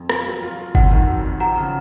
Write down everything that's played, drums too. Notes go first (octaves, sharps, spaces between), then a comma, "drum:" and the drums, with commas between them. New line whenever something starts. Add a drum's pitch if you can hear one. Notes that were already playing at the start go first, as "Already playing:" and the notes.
Already playing: F2
F4, drum: rim click
F#3
F4
F4
F2 F#5, drum: kick G1
D#3
F#3
F2
F3 F#5 A#5
C#3